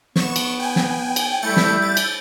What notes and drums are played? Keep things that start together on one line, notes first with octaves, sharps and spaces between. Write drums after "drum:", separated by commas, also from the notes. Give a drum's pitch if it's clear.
B3 C#6 E7, drum: snare
drum: cymbal
G5 G#5
drum: snare
drum: cymbal
G3 A3 E4 G6 A6 C#7
drum: snare
A6
drum: cymbal